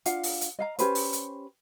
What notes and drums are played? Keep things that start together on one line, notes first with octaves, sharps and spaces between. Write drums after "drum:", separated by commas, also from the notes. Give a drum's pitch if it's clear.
D4 F4 F5 F#5, drum: hi-hat
drum: open hi-hat
drum: hi-hat
D#5 F5 A#5
C#4 G4 B4 C5, drum: hi-hat
drum: open hi-hat
drum: hi-hat